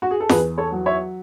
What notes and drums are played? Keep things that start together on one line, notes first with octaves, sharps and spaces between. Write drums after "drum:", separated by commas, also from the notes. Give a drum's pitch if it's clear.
F#4
G#4
A4
E2 G#4 B4, drum: snare
A4 C#5
F#3
C#5 E5